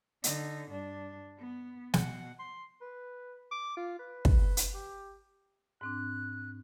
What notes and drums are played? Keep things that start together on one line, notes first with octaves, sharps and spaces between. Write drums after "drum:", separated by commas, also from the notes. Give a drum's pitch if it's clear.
D3 D#4, drum: hi-hat
G2 D4
B3
B2 F#5, drum: snare
C6
B4
D6
F4
B4
drum: kick
drum: hi-hat
G4
G#2 C4 D4 F#6